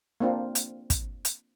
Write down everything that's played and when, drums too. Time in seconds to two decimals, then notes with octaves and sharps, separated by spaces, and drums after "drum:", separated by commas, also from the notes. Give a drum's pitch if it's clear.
0.20 A#3 C4 D4 F4
0.55 drum: hi-hat
0.90 drum: kick, hi-hat
1.25 drum: hi-hat